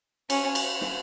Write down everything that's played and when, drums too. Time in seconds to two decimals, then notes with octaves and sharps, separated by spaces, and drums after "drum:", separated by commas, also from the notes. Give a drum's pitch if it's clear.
0.30 C#4, drum: cymbal
0.55 drum: cymbal
0.81 drum: snare